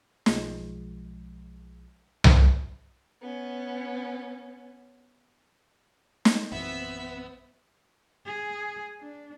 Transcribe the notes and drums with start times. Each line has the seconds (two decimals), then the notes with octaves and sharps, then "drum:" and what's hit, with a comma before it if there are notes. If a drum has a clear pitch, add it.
0.26 B1 F3 G#3, drum: snare
2.24 drum: tom C2
3.21 B3 C#4
6.25 drum: snare
6.52 A#1 F#2 E3 B3 C4 E5 E6
8.26 G#4
9.01 D4